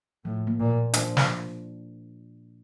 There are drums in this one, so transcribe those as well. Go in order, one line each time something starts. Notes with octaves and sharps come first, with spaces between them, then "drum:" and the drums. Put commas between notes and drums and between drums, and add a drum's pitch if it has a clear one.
A2 F3
A#3
A#2
A#2
F3 D4, drum: hi-hat
F3, drum: snare